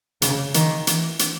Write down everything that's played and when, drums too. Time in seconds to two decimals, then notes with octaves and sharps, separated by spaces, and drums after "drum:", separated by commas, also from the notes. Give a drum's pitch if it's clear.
0.22 C#3, drum: hi-hat
0.54 D#3, drum: hi-hat
0.87 E3, drum: hi-hat
1.19 drum: hi-hat